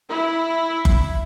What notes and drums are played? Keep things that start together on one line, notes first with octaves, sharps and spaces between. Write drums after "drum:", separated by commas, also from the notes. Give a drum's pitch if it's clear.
E4
drum: kick F#1